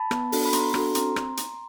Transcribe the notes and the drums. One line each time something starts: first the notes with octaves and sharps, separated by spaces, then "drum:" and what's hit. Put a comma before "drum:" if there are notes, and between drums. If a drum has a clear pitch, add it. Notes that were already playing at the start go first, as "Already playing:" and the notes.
Already playing: A5 B5
B3, drum: rim click
D4 F#4 A4, drum: open hi-hat
B5
B3 A#5 C6, drum: hi-hat
D4 F#4 A4, drum: rim click
C4 A#5 C6, drum: hi-hat
drum: rim click
drum: hi-hat